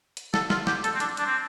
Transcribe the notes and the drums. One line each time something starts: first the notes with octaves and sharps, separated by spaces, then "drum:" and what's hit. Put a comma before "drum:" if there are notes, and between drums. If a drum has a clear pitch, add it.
drum: hi-hat
A4, drum: snare
F4, drum: snare
G4, drum: snare
A4, drum: hi-hat
C4
D4, drum: hi-hat
D4, drum: hi-hat
C4